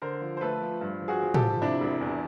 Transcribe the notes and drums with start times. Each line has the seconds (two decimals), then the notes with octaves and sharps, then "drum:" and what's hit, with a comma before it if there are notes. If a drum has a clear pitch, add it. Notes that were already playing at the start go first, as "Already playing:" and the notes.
0.02 D3 A#4 C5
0.21 F3
0.37 C5
0.41 A3 A4 B4
0.61 F3
0.81 G2
1.02 F3
1.08 F#4 G#4
1.22 F3
1.34 G4 A4, drum: tom
1.42 F3
1.62 C3 D4 E4
1.81 E1
2.01 E2